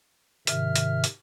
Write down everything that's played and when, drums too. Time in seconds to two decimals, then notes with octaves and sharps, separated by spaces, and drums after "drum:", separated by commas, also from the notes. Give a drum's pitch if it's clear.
0.47 G#2 C3 D#3 E5 F6, drum: hi-hat
0.76 drum: hi-hat
1.04 drum: hi-hat